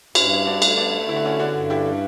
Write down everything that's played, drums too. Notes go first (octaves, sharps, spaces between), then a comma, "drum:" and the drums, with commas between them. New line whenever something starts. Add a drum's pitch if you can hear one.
G2 C#4 E4, drum: cymbal
D4 F#4
A3, drum: cymbal
B3 D4
D3 E4
F#4
C#4 E4
D4 F#4
G2
E4 G4